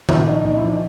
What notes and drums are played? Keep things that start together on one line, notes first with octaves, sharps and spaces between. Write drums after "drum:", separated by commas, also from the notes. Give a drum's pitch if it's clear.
A#2 E4, drum: tom D#3
F3 D#4
A#2 D#4
E4
F3
D#4